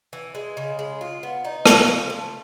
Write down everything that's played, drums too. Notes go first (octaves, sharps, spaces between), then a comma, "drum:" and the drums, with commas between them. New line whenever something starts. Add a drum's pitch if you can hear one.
E3
G#3
C#3
G#3
F4
B3
D#4
C#3, drum: rim click
F3
A3